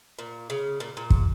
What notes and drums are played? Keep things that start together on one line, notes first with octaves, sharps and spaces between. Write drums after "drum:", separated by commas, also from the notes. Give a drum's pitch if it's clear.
A#2
C#3
A#2
A#2
drum: kick